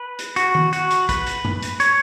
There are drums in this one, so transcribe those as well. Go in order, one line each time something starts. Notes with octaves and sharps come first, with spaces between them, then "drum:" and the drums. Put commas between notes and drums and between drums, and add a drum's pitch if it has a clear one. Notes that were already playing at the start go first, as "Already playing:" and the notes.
Already playing: B4
drum: hi-hat
F#4, drum: hi-hat
drum: tom D#3
F#4, drum: hi-hat
drum: hi-hat
B4, drum: kick, hi-hat
drum: hi-hat
drum: tom
drum: hi-hat
C#5, drum: hi-hat